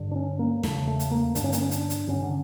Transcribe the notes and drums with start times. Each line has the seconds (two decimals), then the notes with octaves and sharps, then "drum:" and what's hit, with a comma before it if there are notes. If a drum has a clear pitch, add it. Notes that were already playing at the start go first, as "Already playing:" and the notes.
Already playing: G2 D3
0.11 D4
0.16 C#4
0.39 A#3
0.63 E2 C#3 A3, drum: snare
0.87 A3
1.00 drum: hi-hat
1.11 A#3
1.35 G2 D3 D4, drum: hi-hat
1.44 C#4
1.52 A#3, drum: hi-hat
1.61 C#4
1.71 D4, drum: hi-hat
1.90 drum: hi-hat
2.07 G2 D3 C#4
2.22 D3